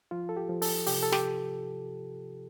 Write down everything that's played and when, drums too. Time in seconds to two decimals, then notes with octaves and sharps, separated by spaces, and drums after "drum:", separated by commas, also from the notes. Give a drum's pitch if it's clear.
0.11 F3 F4
0.29 A4
0.37 G4
0.49 F3
0.62 A4, drum: open hi-hat
0.87 C3 G4, drum: open hi-hat
1.03 A4
1.12 G4, drum: snare